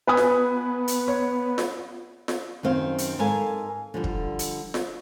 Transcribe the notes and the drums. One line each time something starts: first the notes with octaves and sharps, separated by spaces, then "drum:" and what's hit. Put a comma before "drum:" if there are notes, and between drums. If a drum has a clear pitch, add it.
B3 B4 G#5 D#6
drum: snare F4
drum: hi-hat
C#5
drum: snare F4
drum: snare F4
F#2 D#3 C4 F5
drum: hi-hat
G#2 A4 A#4 F5 G#5
D3 F3 G3
drum: kick
drum: hi-hat
drum: snare F4